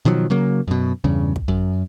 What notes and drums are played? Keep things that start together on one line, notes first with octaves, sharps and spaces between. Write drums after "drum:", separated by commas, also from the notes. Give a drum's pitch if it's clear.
B2 D#3 F3 F#3
C#3 F#3 A#3
F#2 B2
E2 G2 C#3
drum: kick
F#2